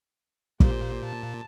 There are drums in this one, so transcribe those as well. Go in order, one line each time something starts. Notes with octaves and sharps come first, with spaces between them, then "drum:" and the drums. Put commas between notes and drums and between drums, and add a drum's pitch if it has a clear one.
A#2 G4 C5, drum: kick
A5